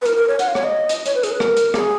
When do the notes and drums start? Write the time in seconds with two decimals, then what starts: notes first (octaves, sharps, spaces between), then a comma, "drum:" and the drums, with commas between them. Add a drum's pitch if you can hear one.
0.02 B4
0.06 A#4, drum: hi-hat
0.16 A#4
0.28 C#5
0.39 F#5, drum: hi-hat
0.48 F5
0.55 C#5, drum: rim click
0.64 D#5
0.89 drum: hi-hat
1.06 C#5, drum: hi-hat
1.15 B4
1.23 G#4, drum: hi-hat
1.31 B4
1.40 A#4, drum: rim click
1.57 drum: hi-hat
1.74 G#4, drum: rim click